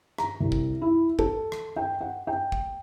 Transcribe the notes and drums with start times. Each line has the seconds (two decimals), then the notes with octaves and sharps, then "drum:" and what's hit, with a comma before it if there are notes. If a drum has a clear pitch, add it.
0.18 A#5, drum: rim click
0.40 C2
0.52 drum: kick
0.81 E4
1.19 A4, drum: kick
1.52 drum: rim click
1.76 G5
2.01 F#5
2.27 G5
2.52 drum: kick